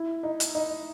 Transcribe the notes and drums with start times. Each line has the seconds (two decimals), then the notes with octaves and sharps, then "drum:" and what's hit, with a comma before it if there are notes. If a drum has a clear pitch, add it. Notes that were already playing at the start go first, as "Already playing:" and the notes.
Already playing: E4
0.23 D#4
0.40 drum: hi-hat
0.55 D#4